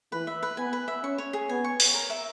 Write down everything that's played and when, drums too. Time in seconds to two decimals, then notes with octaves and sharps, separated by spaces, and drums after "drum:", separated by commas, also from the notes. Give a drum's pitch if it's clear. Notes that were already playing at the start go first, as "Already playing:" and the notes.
0.12 E3 B4
0.27 E5
0.43 B4
0.57 B3 G#5
0.73 B4
0.88 E5
1.03 C#4 C#6
1.18 C#5
1.33 G#4
1.49 B3 G#5
1.64 C#6
1.80 C#5, drum: open hi-hat
1.95 A#4
2.10 E5